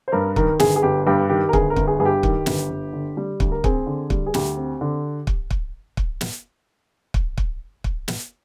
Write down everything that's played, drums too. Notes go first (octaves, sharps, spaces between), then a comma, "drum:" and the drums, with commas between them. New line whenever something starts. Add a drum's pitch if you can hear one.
C5
G2 A#4
D#3 A#4, drum: kick
G1 G#4, drum: snare
G#4
G1 G4
G2 G4
D#3 G4
A#4
G1 G#4, drum: kick
A#4
G1, drum: kick
G#4
G2 G#4
G4
D#3, drum: kick
G1, drum: snare
G1
D3
G3
D2, drum: kick
A#4
C4 G#4, drum: kick
D3
G3, drum: kick
G#4
D2 G4, drum: snare
C4
D3
drum: kick
drum: kick
drum: kick
drum: snare
drum: kick
drum: kick
drum: kick
drum: snare